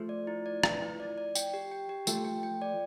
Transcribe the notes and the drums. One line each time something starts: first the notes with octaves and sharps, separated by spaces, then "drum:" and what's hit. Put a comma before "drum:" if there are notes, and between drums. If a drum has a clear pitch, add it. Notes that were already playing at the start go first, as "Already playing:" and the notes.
Already playing: F3 A3
D5
E4
D5
B4, drum: rim click
E4
D5
D5
G5, drum: tambourine
G4
G5
G4
F3 A3 G5, drum: tambourine
G5
G5
D5